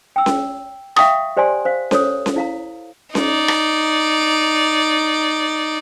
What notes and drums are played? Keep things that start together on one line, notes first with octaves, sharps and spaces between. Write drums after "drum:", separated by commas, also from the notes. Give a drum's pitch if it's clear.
G5 E6
drum: snare C#4
E5 F5 G5 A#5 C#6 D#6, drum: rim click
G4 C5 D5 G#5 C6
C5 F5
A4 C5 C#5 D#6, drum: snare C#4
drum: snare C#4
E4 F5 A#5
D#4 D5, drum: snare C#4
drum: rim click